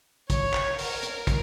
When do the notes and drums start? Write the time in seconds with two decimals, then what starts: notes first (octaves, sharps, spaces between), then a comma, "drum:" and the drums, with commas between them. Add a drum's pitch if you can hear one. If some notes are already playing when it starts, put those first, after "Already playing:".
0.30 C#5, drum: kick, hi-hat
0.54 drum: clap
0.79 A#4, drum: open hi-hat
1.03 drum: hi-hat
1.27 drum: kick, hi-hat